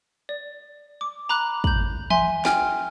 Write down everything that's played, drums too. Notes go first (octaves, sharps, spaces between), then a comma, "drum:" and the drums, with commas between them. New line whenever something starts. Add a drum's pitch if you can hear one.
D5
D6
A#5 B5 D6 F#6
G6 F#7, drum: kick
E5 G#5 C6, drum: tom E3
G5 G#5 F6, drum: snare